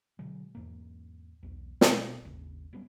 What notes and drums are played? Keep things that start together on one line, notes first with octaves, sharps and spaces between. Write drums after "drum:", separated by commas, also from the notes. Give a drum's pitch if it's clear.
B2 D3 F#3 G#3
E2 G#2 A#3
B1 E2
B2, drum: snare
G#1 D#2 C#3
F#3 G3 B3 C#4